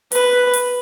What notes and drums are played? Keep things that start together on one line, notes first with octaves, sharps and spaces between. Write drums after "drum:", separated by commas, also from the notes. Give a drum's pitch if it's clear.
B4, drum: hi-hat
drum: hi-hat